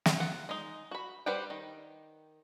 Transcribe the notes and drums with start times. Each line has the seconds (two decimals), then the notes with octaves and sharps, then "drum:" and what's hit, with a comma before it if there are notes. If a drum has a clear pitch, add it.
0.06 drum: snare
0.20 F4 F#5
0.49 G#3 D#4
0.91 F#4 B5
1.26 G3 B4 C5 F#5 G5
1.50 D#3